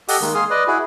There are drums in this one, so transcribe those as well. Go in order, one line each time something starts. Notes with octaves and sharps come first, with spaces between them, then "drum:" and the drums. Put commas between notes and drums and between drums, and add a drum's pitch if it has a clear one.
G4 A4 D#5 F#5, drum: open hi-hat
D#3 G#3 A#3
G#4 F5 C6 D#6
B4 D5 D#5
E4 F#4 G#4